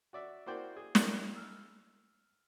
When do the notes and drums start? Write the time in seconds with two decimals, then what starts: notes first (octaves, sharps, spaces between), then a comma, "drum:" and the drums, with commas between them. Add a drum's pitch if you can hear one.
0.13 F#4 D5 E5
0.46 A#3 E4 F#4 C5 D5 G5
0.76 G#4
0.95 G3 G#3 E4 A#4, drum: snare
1.36 E6 F6